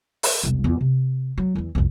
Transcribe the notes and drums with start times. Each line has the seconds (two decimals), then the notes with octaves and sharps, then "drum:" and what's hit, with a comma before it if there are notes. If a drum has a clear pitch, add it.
0.23 drum: open hi-hat
0.43 E1 C2
0.64 E2 F4
0.81 C3
1.38 F#3
1.55 E2 E3
1.75 C2 F2